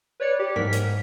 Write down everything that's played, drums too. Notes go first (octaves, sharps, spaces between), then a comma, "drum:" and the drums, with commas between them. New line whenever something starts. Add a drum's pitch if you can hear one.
B4 C#5 D5 C#7
G4
G#2 A#4 B6, drum: tom
drum: hi-hat